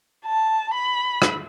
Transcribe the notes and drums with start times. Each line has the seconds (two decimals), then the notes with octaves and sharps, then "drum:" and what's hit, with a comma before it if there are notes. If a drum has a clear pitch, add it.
0.25 A5
0.74 B5
1.22 drum: rim click